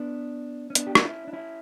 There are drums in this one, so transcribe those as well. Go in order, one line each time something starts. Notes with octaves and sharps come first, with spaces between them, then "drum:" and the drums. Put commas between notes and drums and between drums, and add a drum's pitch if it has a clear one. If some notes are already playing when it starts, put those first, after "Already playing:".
Already playing: B3 D4
C#4
B3 D4, drum: hi-hat
G4
F#4, drum: rim click
C#4 E4
D4
C#4 E4